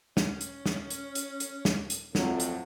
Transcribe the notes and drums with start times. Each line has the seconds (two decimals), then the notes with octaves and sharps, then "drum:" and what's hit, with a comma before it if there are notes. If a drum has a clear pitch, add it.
0.17 C#4, drum: snare
0.41 drum: hi-hat
0.66 drum: snare
0.90 drum: hi-hat
1.15 drum: hi-hat
1.40 drum: hi-hat
1.65 drum: snare
1.90 drum: hi-hat
2.15 F2 A2 F#3, drum: snare
2.40 drum: hi-hat